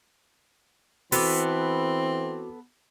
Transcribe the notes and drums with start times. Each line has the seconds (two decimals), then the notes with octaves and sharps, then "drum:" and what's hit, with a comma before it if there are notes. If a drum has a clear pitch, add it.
1.12 E3 B3 C4 F#4 A4 B4 D6, drum: open hi-hat